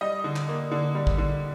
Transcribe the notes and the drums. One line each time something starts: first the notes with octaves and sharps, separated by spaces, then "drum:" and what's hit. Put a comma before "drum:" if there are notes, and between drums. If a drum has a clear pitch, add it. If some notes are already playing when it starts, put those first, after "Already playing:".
G3 D#5
D3
drum: clap
A#3
D3
G3
drum: kick
D3